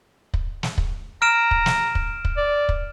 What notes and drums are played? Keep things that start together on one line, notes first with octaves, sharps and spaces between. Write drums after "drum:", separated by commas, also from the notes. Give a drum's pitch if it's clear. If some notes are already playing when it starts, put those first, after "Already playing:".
drum: kick
drum: snare
drum: kick
A#5 F6 D7 E7
drum: kick
drum: snare
drum: kick
drum: kick
D5
drum: kick